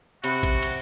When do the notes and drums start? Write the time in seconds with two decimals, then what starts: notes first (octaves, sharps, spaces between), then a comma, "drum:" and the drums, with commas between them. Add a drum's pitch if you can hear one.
0.23 C3 F#4 G4 B5 F#6, drum: cymbal
0.43 drum: kick A1, cymbal
0.62 drum: cymbal